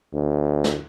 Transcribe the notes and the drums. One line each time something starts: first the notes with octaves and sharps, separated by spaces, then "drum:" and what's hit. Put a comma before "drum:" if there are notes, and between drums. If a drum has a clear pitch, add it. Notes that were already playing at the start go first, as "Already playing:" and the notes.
D2
drum: snare